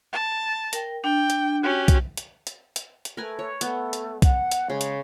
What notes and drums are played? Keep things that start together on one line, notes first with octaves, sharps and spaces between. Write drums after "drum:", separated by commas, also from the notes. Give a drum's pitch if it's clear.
A5
A#4 G5, drum: hi-hat
D4 G5
drum: hi-hat
C#4 F#4 G4
drum: kick B1, hi-hat
drum: hi-hat
drum: hi-hat
drum: hi-hat
drum: hi-hat
A3 A#4 B4 G#5
C#5
A3 B3, drum: hi-hat
drum: hi-hat
F#5, drum: kick B1, hi-hat
drum: hi-hat
C#3 G#3
drum: hi-hat